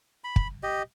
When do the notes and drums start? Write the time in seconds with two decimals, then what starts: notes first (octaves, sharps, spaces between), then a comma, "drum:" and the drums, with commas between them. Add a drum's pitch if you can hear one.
0.24 B5
0.36 drum: kick
0.63 G4 D#5